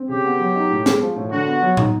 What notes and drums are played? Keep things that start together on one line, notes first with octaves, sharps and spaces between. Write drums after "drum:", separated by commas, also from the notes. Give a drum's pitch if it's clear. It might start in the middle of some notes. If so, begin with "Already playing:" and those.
Already playing: C4
C#3 G4
B3
F#3
D#4
A2
G#3, drum: snare
F3
A2
D3 F#4
B3
F#3
D#4, drum: tom